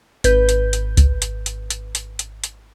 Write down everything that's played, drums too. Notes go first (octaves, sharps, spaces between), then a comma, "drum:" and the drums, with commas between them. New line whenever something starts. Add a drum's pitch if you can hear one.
G#1 B4 G6, drum: hi-hat
drum: hi-hat
drum: hi-hat
drum: kick C#2, hi-hat
drum: hi-hat
drum: hi-hat
drum: hi-hat
drum: hi-hat
drum: hi-hat
drum: hi-hat